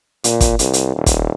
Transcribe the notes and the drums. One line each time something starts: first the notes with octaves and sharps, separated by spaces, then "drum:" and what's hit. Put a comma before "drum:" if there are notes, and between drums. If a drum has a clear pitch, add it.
A#2, drum: hi-hat
drum: kick, hi-hat
C2, drum: hi-hat
drum: hi-hat
D#1
drum: kick, hi-hat